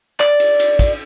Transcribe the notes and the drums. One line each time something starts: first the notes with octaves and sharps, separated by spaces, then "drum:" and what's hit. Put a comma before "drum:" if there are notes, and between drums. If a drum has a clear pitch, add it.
D5, drum: clap
drum: cymbal
drum: cymbal
drum: kick, cymbal